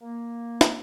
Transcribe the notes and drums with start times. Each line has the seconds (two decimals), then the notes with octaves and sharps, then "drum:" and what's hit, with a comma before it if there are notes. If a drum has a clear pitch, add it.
0.01 A#3
0.61 drum: snare